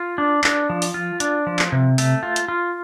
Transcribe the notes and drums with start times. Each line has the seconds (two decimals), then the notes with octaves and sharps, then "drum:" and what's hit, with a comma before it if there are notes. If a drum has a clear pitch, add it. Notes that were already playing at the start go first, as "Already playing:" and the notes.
Already playing: F4
0.18 D4
0.44 D4, drum: clap
0.70 F3
0.82 drum: open hi-hat
0.94 F4
1.20 D4, drum: hi-hat
1.47 F3
1.59 drum: clap
1.72 C3
1.98 A3, drum: open hi-hat
2.23 F4
2.36 drum: hi-hat
2.48 F4